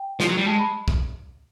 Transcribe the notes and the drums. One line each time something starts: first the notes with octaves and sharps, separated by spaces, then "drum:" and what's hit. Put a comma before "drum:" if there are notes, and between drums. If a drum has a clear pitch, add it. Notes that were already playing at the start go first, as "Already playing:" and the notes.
Already playing: G5
F3, drum: snare
F#3
G3
G#3 A5
B5
drum: kick B1